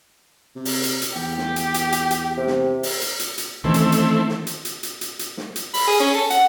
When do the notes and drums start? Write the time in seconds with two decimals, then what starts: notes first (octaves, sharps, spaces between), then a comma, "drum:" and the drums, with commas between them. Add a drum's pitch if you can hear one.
0.56 C3
0.65 drum: open hi-hat
0.83 drum: hi-hat
1.02 drum: hi-hat
1.16 E2 G4
1.38 drum: snare
1.56 drum: hi-hat
1.74 drum: hi-hat
1.92 drum: hi-hat
2.11 drum: hi-hat
2.37 C3
2.47 drum: snare
2.83 drum: open hi-hat
3.01 drum: hi-hat
3.20 drum: hi-hat
3.38 drum: hi-hat
3.64 D#3 E3 A3 C4 C#4 E4
3.74 drum: hi-hat
3.92 drum: hi-hat
4.28 drum: snare
4.47 drum: hi-hat
4.65 drum: hi-hat
4.83 drum: hi-hat
5.01 drum: hi-hat
5.19 drum: hi-hat
5.37 drum: snare
5.56 drum: hi-hat
5.74 B5, drum: open hi-hat
5.88 G#4
6.00 C#4
6.15 A4
6.30 F#5, drum: hi-hat